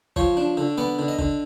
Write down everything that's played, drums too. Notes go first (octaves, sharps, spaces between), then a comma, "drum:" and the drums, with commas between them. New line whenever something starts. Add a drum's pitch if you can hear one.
F3 C#5, drum: kick G1
D4
D3
B3 D5
D3
D#5
D3, drum: kick G1